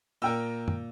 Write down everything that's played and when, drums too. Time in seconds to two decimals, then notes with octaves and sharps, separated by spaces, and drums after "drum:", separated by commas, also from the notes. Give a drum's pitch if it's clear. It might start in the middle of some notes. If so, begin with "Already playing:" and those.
0.22 A#2 A#4 G5 E6
0.68 drum: tom F#2